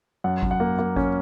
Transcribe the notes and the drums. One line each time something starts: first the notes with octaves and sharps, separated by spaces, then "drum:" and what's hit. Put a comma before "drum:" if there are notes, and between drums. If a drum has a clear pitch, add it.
F#2 F#5
F#2, drum: kick G#1
F#5
A#3
A#3
C#4, drum: kick G#1